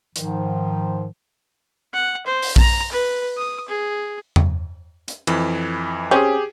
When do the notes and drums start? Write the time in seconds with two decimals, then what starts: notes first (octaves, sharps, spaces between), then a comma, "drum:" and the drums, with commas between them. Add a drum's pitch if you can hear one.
0.16 G#2 D#3 F3, drum: hi-hat
1.93 F#5
2.26 C5
2.42 drum: open hi-hat
2.56 A#5, drum: kick A#1
2.92 B4
3.37 D#6
3.68 G#4
4.36 drum: tom E2
5.08 drum: hi-hat
5.27 F2 E3, drum: cymbal
6.11 C4 C#4 G4 G#4